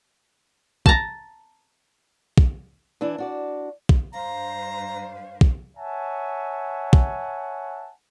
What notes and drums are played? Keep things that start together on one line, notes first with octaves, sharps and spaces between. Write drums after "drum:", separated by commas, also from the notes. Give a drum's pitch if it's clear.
A5 A#5, drum: kick
drum: kick
E3 D4 E4
D4 F#4 D5
drum: kick
G2 D4 C5 F5 A#5
drum: kick
C#5 E5 F#5 G#5 A5
drum: kick